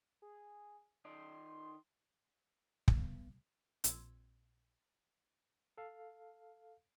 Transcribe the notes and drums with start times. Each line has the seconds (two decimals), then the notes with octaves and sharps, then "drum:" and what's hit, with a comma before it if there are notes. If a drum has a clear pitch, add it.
0.22 G#4
1.05 D#3 D#4 D5 C6
2.88 B3, drum: kick
3.84 A#1 A#2 C4 C6 E6 G#6, drum: hi-hat
5.78 A4 F5